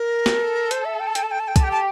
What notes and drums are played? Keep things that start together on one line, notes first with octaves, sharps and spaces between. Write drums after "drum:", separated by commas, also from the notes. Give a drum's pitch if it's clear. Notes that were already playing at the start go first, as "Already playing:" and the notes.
Already playing: A#4
A4, drum: snare
C5, drum: hi-hat
E5
G5
A5
G5, drum: hi-hat
A5
G5
A5
G5
G4 A5, drum: kick, hi-hat
G5
A5